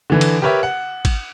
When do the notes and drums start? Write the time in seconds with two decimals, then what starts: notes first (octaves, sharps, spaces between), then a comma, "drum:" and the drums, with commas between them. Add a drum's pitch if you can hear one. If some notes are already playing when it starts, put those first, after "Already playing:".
0.10 D3 E3 B4
0.21 drum: cymbal
0.42 G4 A#4 B4 C#5 E5
0.63 F#5
1.05 drum: kick, cymbal